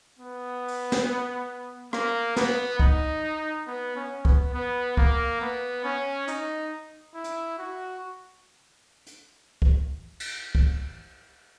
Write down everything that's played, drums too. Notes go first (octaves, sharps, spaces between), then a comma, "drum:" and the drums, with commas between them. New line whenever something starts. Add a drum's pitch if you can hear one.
B3
drum: open hi-hat
drum: snare
A#3, drum: rim click
B3, drum: snare
D#4, drum: kick
B3
C#4
B3, drum: kick
B3
A#3, drum: kick
B3
C#4
D#4, drum: hi-hat
E4
drum: hi-hat
F#4
drum: hi-hat
drum: kick
drum: cymbal
drum: kick